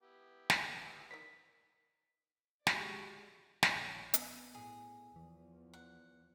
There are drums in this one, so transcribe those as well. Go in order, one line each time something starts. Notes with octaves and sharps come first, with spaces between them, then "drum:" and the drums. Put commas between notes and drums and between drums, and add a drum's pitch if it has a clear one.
B3 E4 G4
drum: snare
D#4 A#4 D5 B6
G#3 F#4 G4 D5 B5, drum: snare
A#1 C#5 D#5, drum: snare
B3, drum: hi-hat
A2 G#4
E2 E3 F3
F#5